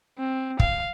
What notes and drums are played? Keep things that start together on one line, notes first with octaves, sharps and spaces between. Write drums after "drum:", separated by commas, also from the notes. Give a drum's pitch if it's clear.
C4
F5, drum: kick